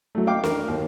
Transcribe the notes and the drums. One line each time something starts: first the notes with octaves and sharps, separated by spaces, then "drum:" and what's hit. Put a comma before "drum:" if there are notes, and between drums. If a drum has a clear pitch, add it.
F#3 A3
F5 G5 D6
A#4, drum: snare
D#2